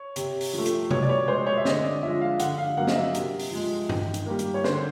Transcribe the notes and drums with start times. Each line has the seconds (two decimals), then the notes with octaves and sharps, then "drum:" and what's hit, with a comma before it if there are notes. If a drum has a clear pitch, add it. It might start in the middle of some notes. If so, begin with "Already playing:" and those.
Already playing: C#5
0.16 C3, drum: hi-hat
0.41 drum: open hi-hat
0.53 F3 A3
0.66 drum: hi-hat
0.91 B2 C#5, drum: tom C3
1.03 D5
1.09 C#5
1.28 G#3 C5
1.47 C#5
1.58 E5
1.65 D3 D#5, drum: snare
1.84 D5
2.03 F3 G#3 E5
2.21 F5
2.40 D3 F#5, drum: hi-hat
2.58 F5
2.77 F#3 A#3 F#5
2.87 D#5, drum: snare
2.95 E5
3.15 C3, drum: hi-hat
3.39 drum: open hi-hat
3.51 F3 G#3
3.89 D#3, drum: tom G2
4.14 drum: hi-hat
4.26 G3 A#3
4.39 drum: hi-hat
4.54 C#5
4.64 D3 C5, drum: snare